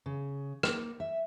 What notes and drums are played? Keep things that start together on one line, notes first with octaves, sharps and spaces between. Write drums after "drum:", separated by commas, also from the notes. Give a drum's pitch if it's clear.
C#3
A#3, drum: rim click
E5